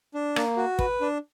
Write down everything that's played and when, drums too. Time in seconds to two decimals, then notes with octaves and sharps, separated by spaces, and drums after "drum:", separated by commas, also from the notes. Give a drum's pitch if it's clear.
0.14 D4
0.36 A#3, drum: rim click
0.57 F#4
0.79 B4, drum: kick
1.01 D4